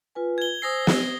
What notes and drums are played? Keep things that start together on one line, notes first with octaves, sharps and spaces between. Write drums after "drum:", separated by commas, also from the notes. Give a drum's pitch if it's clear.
F4 B4 G#5
G#6 G7
C5 G#5 D#6 E6 A#6 C7
drum: snare